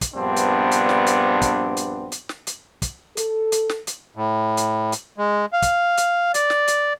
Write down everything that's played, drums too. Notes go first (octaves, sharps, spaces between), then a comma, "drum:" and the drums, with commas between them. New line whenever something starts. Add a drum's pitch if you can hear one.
drum: kick, hi-hat
A#1 G2 B3 C4 D4
drum: hi-hat
drum: hi-hat
drum: snare
drum: hi-hat
drum: kick, hi-hat
drum: hi-hat
drum: hi-hat
drum: snare
drum: hi-hat
drum: kick, hi-hat
A4, drum: hi-hat
drum: hi-hat
drum: snare
drum: hi-hat
A2
drum: hi-hat
drum: hi-hat
G#3
F5
drum: kick, hi-hat
drum: hi-hat
D5, drum: hi-hat
drum: snare
drum: hi-hat